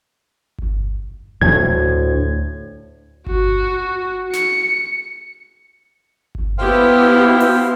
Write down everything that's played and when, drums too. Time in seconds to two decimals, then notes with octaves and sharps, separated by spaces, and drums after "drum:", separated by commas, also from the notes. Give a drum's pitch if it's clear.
0.58 drum: kick G1
1.41 D2 A2 G#6
3.26 F#4, drum: kick G1
4.33 C#7, drum: snare
6.35 drum: kick G1
6.58 B3 E4 G4 C5 F5 G5
7.40 drum: open hi-hat